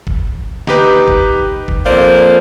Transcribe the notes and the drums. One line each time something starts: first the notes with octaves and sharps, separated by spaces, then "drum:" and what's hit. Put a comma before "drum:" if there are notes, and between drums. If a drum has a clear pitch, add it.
drum: kick
D#4 G4 B4, drum: snare
drum: kick
drum: kick
F2 A#3 C5 D5